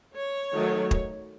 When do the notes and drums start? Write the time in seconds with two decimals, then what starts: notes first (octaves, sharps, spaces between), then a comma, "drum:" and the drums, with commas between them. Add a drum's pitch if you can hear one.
0.15 C#5
0.53 D#3 F#3 A3
0.91 drum: kick